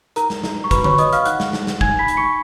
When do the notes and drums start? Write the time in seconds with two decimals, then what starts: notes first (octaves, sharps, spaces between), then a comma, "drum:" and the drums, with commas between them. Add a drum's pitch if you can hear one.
0.16 D#4 A#4 A#5, drum: hi-hat
0.30 drum: snare
0.44 D#4, drum: snare
0.64 C#6
0.71 F#4 B4 B5, drum: kick, hi-hat
0.84 C#5 C#6, drum: tom D3
0.98 B4 D#5 D#6, drum: hi-hat
1.13 F5 F6, drum: hi-hat
1.25 D#4 F#5 F#6, drum: hi-hat
1.40 drum: snare
1.53 D#4, drum: snare
1.67 drum: snare
1.81 D#4 G#5 G#6, drum: kick
1.99 B5 B6
2.08 D#4, drum: hi-hat
2.17 C#6 C#7